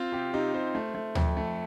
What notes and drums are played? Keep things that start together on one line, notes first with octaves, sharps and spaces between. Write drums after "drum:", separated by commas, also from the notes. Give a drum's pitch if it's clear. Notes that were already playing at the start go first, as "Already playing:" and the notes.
Already playing: C4 F4
C3 G4
C3 D#4
C3 C5
A3
A3
F2, drum: tom D2
A3